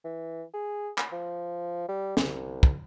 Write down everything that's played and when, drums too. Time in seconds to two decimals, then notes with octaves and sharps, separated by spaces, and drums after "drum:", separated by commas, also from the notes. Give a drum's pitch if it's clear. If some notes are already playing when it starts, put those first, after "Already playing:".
0.04 E3
0.54 G#4
0.98 drum: clap
1.12 F3
1.88 G3
2.17 C2, drum: snare
2.63 drum: kick